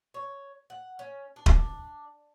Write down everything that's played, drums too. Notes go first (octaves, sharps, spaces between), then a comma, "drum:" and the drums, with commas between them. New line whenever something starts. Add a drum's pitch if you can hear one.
C#5
F#5
C#4
D4
drum: kick D#1